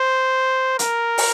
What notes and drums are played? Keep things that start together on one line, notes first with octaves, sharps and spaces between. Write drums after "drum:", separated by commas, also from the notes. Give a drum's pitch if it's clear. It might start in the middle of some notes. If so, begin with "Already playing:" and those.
Already playing: C5
A#4, drum: hi-hat
drum: open hi-hat